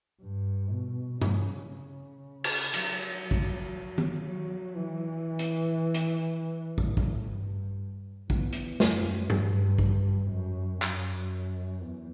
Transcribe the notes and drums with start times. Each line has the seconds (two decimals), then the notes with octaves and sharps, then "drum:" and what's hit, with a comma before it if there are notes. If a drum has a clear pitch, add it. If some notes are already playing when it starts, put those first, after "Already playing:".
0.21 G2
0.71 B2
1.21 C#3, drum: tom G2
1.73 C#3
2.44 drum: cymbal
2.74 F#3, drum: cymbal
3.31 drum: kick
3.98 drum: tom
4.25 F#3
4.76 E3
5.39 drum: hi-hat
5.94 drum: hi-hat
6.78 A2, drum: kick
6.97 drum: kick
7.28 G2
8.30 E2, drum: kick
8.53 drum: hi-hat
8.80 F#2, drum: snare
9.30 G2, drum: tom G2
9.79 drum: kick
10.31 F#2
10.82 F#2, drum: clap
11.83 E2